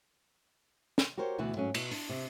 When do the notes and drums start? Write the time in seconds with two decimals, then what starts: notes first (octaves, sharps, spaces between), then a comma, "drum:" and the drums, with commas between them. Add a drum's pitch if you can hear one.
0.98 drum: snare
1.18 F#4 G4 A#4 C5 C#5
1.38 D2 B2 E3 F#4
1.56 G#2 F#3 A3 C#4
1.74 B2 E4, drum: cymbal
1.91 D4, drum: open hi-hat
2.09 C3